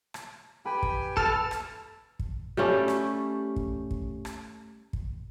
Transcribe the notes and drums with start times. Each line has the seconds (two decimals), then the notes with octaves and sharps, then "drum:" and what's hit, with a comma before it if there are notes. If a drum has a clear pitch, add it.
0.14 drum: rim click
0.65 G4 B4 G5 G#5
0.83 drum: kick
1.17 A4 A5 F6, drum: kick
1.51 drum: rim click
2.19 drum: kick
2.57 G3 A3 C#4 G4
2.88 drum: rim click
3.56 drum: kick
3.91 drum: kick
4.25 drum: rim click
4.93 drum: kick